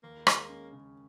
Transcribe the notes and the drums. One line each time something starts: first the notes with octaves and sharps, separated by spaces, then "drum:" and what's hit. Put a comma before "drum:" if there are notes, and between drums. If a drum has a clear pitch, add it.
D#2 A#3
G#3, drum: rim click
C#4
C#3